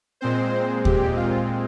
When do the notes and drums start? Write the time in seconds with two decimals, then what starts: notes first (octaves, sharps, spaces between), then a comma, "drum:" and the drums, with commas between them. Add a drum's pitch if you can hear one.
0.21 A#2 G#3 C4 C5
0.85 G4, drum: kick D#2
1.17 F4